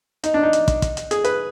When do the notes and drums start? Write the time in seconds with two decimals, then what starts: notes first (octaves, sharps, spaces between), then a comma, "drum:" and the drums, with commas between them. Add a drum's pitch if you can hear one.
0.24 D#4, drum: hi-hat
0.34 D4
0.43 D#4
0.53 drum: hi-hat
0.68 drum: kick, hi-hat
0.82 drum: kick, hi-hat
0.97 drum: hi-hat
1.11 G#4, drum: hi-hat
1.24 B4, drum: hi-hat